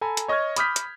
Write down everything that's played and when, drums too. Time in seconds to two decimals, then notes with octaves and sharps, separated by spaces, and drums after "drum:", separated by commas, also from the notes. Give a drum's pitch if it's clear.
0.01 A4 G#5 A#5 B5
0.17 drum: hi-hat
0.28 C#5 D#5 C#6 D#6 F6 G#6
0.56 B5 D6 D#6 F6 G6 B6, drum: hi-hat
0.76 drum: hi-hat